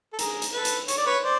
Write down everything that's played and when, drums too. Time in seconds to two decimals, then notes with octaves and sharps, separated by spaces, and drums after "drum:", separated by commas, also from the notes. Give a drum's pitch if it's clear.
0.13 A4
0.19 G#4 A#4, drum: hi-hat
0.42 drum: hi-hat
0.53 A4 B4
0.65 drum: hi-hat
0.88 C#5, drum: hi-hat
0.97 D5
1.06 B4 C#5
1.23 C5 D5